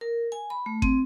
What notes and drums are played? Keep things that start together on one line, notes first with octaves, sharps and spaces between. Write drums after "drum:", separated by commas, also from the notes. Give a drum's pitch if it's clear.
A#4
G#5
B5
A3
C4, drum: kick G1